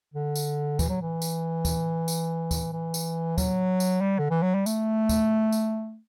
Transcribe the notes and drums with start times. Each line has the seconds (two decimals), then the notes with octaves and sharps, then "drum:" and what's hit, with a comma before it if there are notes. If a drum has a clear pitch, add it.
0.14 D3
0.36 drum: tambourine
0.79 E3, drum: kick, tambourine
0.89 F#3
1.01 E3
1.22 drum: tambourine
1.65 drum: kick, tambourine
2.08 drum: tambourine
2.51 drum: kick, tambourine
2.72 E3
2.94 drum: tambourine
3.38 F#3, drum: kick, tambourine
3.80 drum: tambourine
4.01 G3
4.19 D3
4.31 E3
4.43 F#3
4.55 G3
4.66 A3, drum: tambourine
5.09 drum: kick, tambourine
5.52 drum: tambourine